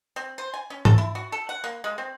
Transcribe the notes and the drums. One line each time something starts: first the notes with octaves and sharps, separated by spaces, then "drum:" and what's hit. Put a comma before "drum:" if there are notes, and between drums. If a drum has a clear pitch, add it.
C4
C5
G#5
C#4
A4, drum: tom G#2
E4
F#4
A4
F#5
A#3
G#3
C4